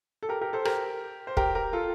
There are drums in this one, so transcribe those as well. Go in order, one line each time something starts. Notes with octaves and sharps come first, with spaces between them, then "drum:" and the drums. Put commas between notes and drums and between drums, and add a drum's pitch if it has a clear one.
A4
G4 A#4
G4 A#4
A4 C5
G4 A#4, drum: rim click
C5
G4 A#4, drum: kick
G4 A#4
F4 A4